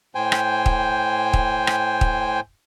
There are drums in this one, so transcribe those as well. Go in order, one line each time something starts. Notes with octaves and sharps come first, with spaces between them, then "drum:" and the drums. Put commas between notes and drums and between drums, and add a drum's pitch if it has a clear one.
A2 C5 G5 G#5
drum: rim click
drum: kick
drum: kick
drum: rim click
drum: kick